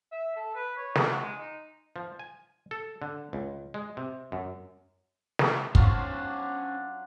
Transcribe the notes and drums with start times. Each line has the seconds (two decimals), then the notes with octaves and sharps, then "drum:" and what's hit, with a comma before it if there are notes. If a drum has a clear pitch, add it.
0.12 E5
0.36 A4
0.55 B4
0.77 C#5
0.95 D4, drum: snare
1.08 F#4
1.22 G#3
1.40 D#4
1.96 F3
2.19 G#5
2.71 A4
3.02 D3
3.33 C#2
3.74 G#3
3.97 C3
4.32 F#2
5.39 drum: snare
5.75 F#3 C#4 D4 F4 C5, drum: kick